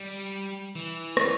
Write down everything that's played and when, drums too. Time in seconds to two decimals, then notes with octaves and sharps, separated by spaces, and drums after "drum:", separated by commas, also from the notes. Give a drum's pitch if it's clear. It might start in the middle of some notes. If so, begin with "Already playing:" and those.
Already playing: G3
0.76 E3
1.17 drum: rim click